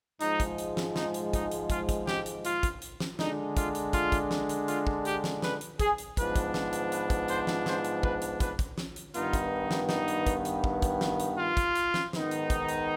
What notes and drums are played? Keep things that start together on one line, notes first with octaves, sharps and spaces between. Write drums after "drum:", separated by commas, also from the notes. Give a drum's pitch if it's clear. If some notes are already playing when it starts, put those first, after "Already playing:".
G#2 F3 G#3 D#4, drum: hi-hat
drum: kick, hi-hat
drum: hi-hat
drum: snare
D#4, drum: snare
drum: hi-hat
D#4, drum: kick, hi-hat
drum: hi-hat
F4, drum: kick, hi-hat
drum: kick, hi-hat
G4, drum: snare
drum: hi-hat
F4, drum: hi-hat
drum: kick, hi-hat
drum: hi-hat
drum: snare
D3 G#3 D4 D#4, drum: snare
F4, drum: kick, hi-hat
drum: hi-hat
F4, drum: kick, hi-hat
drum: kick, hi-hat
drum: snare
drum: hi-hat
F4, drum: hi-hat
drum: kick
G4, drum: hi-hat
drum: snare
B4, drum: snare
drum: hi-hat
G#4, drum: kick, hi-hat
drum: hi-hat
G#2 F3 B3 D4 B4, drum: kick, hi-hat
drum: kick, hi-hat
drum: snare
drum: hi-hat
B4, drum: hi-hat
drum: kick, hi-hat
C5, drum: hi-hat
drum: snare
C5, drum: snare
drum: hi-hat
B4, drum: kick
drum: hi-hat
B4, drum: kick, hi-hat
drum: kick, hi-hat
drum: snare
drum: hi-hat
G2 D#3 B3 D#4 F4, drum: hi-hat
drum: kick, hi-hat
drum: snare
D#4, drum: snare
drum: hi-hat
drum: kick, hi-hat
drum: hi-hat
drum: kick
drum: kick, hi-hat
drum: snare
drum: hi-hat
F4
drum: kick, hi-hat
drum: hi-hat
drum: snare
G#2 D#3 B3 D#4, drum: snare
drum: hi-hat
drum: kick, hi-hat
drum: hi-hat